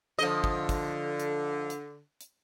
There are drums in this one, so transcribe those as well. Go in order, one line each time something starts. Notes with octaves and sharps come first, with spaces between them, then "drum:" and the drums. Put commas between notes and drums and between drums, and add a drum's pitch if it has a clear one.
D3 F3 D#5
drum: kick
drum: kick, hi-hat
drum: hi-hat
drum: hi-hat
drum: hi-hat